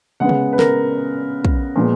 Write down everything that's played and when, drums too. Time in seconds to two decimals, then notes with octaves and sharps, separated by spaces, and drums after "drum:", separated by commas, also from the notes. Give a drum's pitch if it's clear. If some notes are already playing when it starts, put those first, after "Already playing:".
0.20 C#3 G#3 B3 F#5
0.29 drum: tom C3
0.53 B4
0.59 A#4, drum: snare
1.45 drum: kick
1.76 A#2 F3 G#3 B3